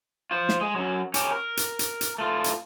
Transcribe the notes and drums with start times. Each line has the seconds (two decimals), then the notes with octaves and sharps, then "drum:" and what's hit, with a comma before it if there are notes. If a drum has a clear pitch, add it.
0.31 F4 C5
0.49 drum: snare
0.61 G#3
0.76 F#2 F#3
1.14 C#4 G4, drum: hi-hat
1.32 A#4
1.57 drum: hi-hat
1.79 drum: hi-hat
2.01 drum: hi-hat
2.18 A3 F4
2.44 drum: hi-hat